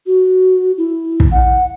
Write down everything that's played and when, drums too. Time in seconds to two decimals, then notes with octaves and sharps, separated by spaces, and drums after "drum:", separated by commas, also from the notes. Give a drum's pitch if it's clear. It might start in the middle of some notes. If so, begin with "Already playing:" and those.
0.06 F#4
0.78 E4
1.20 drum: kick
1.31 F#5